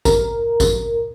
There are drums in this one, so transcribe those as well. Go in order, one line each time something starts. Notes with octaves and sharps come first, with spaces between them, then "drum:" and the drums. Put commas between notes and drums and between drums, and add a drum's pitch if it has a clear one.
A#4, drum: kick A1, tambourine
drum: kick A1, tambourine